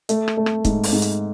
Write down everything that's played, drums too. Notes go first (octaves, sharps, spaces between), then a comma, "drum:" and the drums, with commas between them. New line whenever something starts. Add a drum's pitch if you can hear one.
A3, drum: hi-hat
drum: rim click
A3
drum: rim click
G#2, drum: kick, hi-hat
drum: open hi-hat
G#2
drum: hi-hat